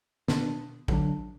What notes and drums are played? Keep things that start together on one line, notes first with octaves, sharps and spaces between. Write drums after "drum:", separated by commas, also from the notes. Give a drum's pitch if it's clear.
B2 B3 D4, drum: snare
D3 F#3 D4, drum: kick A1